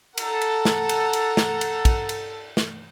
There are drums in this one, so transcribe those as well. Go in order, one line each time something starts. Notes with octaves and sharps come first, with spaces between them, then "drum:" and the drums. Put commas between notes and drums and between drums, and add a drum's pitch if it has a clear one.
A4 F#5 A#5, drum: cymbal
drum: cymbal
drum: snare
drum: cymbal
drum: cymbal
drum: snare
drum: cymbal
drum: kick, cymbal
drum: cymbal
drum: snare